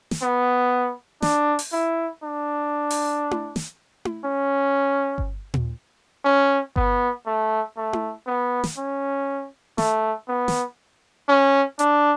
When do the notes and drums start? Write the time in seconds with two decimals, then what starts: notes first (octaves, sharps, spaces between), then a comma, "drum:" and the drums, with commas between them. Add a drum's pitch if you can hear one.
0.11 drum: snare
0.22 B3
1.22 D4, drum: snare
1.59 drum: open hi-hat
1.72 E4
2.23 D4
2.91 drum: open hi-hat
3.31 drum: tom E4
3.56 drum: snare
4.05 drum: tom E4
4.25 C#4
5.18 drum: kick G1
5.54 drum: tom A#2
6.25 C#4
6.76 B3, drum: kick G1
7.26 A3
7.77 A3
7.93 drum: tom E4
8.27 B3
8.64 drum: snare
8.77 C#4
9.78 A3, drum: snare
10.28 B3
10.48 drum: snare
11.29 C#4
11.79 D4, drum: hi-hat